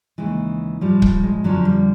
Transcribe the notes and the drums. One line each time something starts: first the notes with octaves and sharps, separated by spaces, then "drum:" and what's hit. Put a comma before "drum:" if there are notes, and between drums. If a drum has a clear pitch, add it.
D#2 C#3 E3 G#3
A2 F3 G3
G3, drum: kick C#1
G#3
F2 D3 F3 F#3
G3